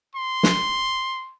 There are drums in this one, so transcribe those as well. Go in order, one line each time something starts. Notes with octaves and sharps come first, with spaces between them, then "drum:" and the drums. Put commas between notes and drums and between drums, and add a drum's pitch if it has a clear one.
C6
drum: snare